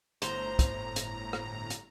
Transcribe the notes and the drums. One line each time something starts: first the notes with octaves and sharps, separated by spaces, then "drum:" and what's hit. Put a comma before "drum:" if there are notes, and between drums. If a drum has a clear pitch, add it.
G1 A2 C5 A#5, drum: hi-hat
drum: kick, hi-hat
drum: hi-hat
drum: rim click
drum: hi-hat